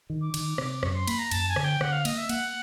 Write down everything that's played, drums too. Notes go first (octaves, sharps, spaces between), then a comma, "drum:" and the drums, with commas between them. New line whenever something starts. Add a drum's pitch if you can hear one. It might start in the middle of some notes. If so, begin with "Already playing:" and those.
D#3
D6
D#3, drum: cymbal
C3, drum: rim click
F#2 C#6, drum: rim click
C6
A#3 B5, drum: cymbal
A#5
F#2 A5, drum: cymbal
G#5
D3, drum: rim click
G5
D3 F#5, drum: rim click
F5
A#3 D#5, drum: cymbal
E5
A#3 F#5, drum: cymbal